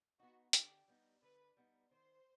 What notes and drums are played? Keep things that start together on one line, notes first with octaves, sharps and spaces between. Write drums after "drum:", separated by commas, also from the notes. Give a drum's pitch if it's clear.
B3 D#4 F#4
D3 G4, drum: hi-hat
G3 B3 D#4
D3 B4
G3 B3 D#4
D#3 C5